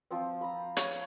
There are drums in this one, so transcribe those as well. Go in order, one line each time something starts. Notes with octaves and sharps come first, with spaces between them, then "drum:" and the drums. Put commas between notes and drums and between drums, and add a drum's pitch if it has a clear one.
F3 C4
A#5 B5
C#5, drum: hi-hat